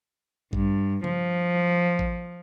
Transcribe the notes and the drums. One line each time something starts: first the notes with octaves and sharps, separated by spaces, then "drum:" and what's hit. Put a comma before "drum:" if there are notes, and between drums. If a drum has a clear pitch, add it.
G2, drum: kick A1
F3, drum: tom C#3
drum: kick A1